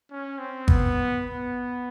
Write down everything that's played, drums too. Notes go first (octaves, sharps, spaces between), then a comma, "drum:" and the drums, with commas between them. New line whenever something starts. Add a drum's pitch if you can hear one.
C#4
C4
B3, drum: kick G#1
B3